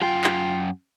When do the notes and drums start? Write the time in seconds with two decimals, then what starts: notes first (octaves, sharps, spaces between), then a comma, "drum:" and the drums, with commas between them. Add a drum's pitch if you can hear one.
0.02 F#2 F4 G5, drum: rim click
0.24 drum: clap